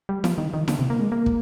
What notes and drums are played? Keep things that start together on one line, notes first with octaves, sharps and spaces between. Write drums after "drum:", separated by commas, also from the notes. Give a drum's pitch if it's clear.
G3
F3, drum: snare E4
D#3
D#3
D3, drum: snare E4
C3
A#3
G#3
A#3
drum: kick